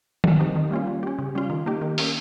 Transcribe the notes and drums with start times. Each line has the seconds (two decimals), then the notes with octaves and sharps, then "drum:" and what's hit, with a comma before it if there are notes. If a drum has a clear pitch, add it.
0.24 G3, drum: tom D#3
0.39 C4 D#4 G4
0.56 D#3
0.71 G3 A#3 C#4 F4
0.87 G3
1.03 C#4 G4
1.19 C#3
1.35 G3 C#4 F4
1.50 D#3
1.66 A#3 D#4 G4
1.81 D#3
1.98 A#3 C#4, drum: open hi-hat